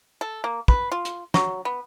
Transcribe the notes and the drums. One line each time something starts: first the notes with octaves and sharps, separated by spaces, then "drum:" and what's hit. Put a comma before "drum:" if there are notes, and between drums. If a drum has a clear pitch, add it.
A4
A#3
B4, drum: kick
F4
drum: hi-hat
F#3, drum: snare
B3